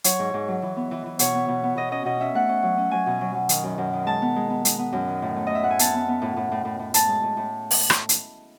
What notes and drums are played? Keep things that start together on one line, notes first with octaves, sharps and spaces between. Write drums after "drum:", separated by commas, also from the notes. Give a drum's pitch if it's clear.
F#3 C#5, drum: hi-hat
G#2
G#2
F#3
E3
B3
E3
E3
B2 C#5, drum: hi-hat
B3
B2
B3
B2 D#5
C#4 D#5
B2 D#5
C#4 E5
A3 F#5
C#4
F#3
C#4
F#3 G#5
B2
F#3
F#3
D#3, drum: hi-hat
F#2
F#2
D#3
G#3 A5
B3
G#3
B3
G#3, drum: hi-hat
B3
F#2
D#3
A2
A3
A2 D#5
E5
A2 F#5
G#5
B3 A5, drum: hi-hat
B3
B3
A2
A2
A2
A2
A2
A2 A5, drum: hi-hat
G#3
A2
A2
drum: open hi-hat
drum: rim click
drum: hi-hat